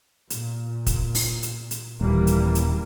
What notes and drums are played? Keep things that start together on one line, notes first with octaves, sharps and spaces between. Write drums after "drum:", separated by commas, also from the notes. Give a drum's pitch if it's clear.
A#2, drum: hi-hat
drum: kick, hi-hat
drum: open hi-hat
drum: hi-hat
drum: hi-hat
D#1 E3 G3 A#3
drum: hi-hat
drum: hi-hat